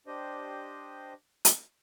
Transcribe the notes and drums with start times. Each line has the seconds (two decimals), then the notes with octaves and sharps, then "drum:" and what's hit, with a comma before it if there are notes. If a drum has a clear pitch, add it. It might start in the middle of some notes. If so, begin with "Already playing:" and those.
0.07 D4 G4 C5 D#5
1.45 drum: hi-hat